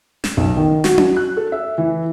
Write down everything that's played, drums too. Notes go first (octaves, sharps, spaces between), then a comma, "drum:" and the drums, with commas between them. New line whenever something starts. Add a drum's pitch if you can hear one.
E7, drum: snare
B1
D#3
F#4, drum: snare
drum: tom C#4
F#6
A4
E5
E3